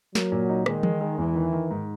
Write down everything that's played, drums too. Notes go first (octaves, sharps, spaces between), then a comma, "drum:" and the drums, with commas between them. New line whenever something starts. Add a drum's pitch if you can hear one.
F#3 A#3, drum: snare
A#2
D#4
D#3 G#3, drum: rim click
G#3, drum: tom E3
G#3
E2 E3
D#3
D#3
G#2